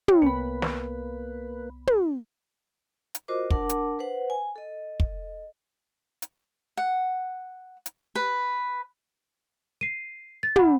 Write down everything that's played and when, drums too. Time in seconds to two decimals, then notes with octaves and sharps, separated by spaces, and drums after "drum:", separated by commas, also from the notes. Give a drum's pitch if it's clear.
0.08 C#5 G5, drum: tom
0.22 C2 A#3 B3 B4 B5
0.62 drum: snare
1.87 drum: tom
3.15 drum: hi-hat
3.28 F4 F#4 A#4 C5 D#5 D6
3.50 D4 A#4 F#5 A5 D6, drum: kick
3.69 drum: hi-hat
3.99 B4 C5 F#5
4.30 G#5
4.56 A4 D#5
5.00 drum: kick
6.22 drum: hi-hat
6.77 F#5
7.86 drum: hi-hat
8.15 B4
9.81 C7 D#7
10.43 A6
10.56 F#5 B5, drum: tom